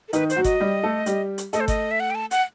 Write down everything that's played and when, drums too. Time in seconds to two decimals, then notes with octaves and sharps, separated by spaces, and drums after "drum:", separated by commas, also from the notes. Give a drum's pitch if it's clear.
0.08 A4
0.13 D#3 D#4 B4, drum: hi-hat
0.30 C5, drum: hi-hat
0.36 F#3 F#4
0.44 D#5, drum: kick G1, hi-hat
0.60 G3 G4
0.83 A3 A4
1.06 G3 G4, drum: hi-hat
1.38 drum: hi-hat
1.53 A3 A4 D#5, drum: hi-hat
1.60 C5
1.68 D#5, drum: kick G1, hi-hat
1.91 E5
2.00 F#5
2.10 G5
2.15 A5
2.31 F#5, drum: hi-hat